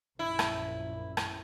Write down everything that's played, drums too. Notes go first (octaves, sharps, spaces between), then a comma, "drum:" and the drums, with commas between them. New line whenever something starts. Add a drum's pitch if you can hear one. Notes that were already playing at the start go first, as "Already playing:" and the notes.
A#1 F#2 E4
drum: rim click
drum: rim click